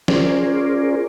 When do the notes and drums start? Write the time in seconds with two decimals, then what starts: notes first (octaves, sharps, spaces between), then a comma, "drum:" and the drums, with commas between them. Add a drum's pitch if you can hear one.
0.08 C#4 F4 G#4 A#4 C5 D5, drum: snare